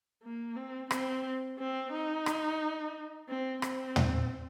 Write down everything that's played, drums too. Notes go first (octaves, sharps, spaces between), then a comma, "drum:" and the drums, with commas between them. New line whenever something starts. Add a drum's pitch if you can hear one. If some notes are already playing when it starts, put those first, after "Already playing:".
A#3
C4
C4, drum: rim click
C4
D#4
drum: rim click
C4
C4, drum: rim click
drum: tom